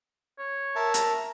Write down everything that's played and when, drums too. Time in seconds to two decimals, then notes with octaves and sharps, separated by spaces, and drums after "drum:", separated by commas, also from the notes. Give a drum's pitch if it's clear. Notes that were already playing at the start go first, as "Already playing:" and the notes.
0.39 C#5
0.76 A#4 E5 A5
0.94 A#5, drum: hi-hat